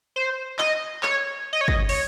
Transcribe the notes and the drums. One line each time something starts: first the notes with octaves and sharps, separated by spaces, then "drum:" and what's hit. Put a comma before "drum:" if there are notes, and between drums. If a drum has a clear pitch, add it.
C5
D#5, drum: clap
C#5, drum: clap
D#5
C#5
D#5, drum: kick
C#5, drum: open hi-hat